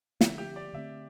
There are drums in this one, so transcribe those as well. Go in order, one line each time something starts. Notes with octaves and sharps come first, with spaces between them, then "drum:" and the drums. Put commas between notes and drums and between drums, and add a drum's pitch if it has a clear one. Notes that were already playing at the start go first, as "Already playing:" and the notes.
D3 F3 A3 C4 E5, drum: snare
G4
D5
D3 F3 A3 C4 E5